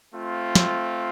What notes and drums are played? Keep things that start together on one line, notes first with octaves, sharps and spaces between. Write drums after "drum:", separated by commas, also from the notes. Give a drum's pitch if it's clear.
A3 C4 F4
drum: snare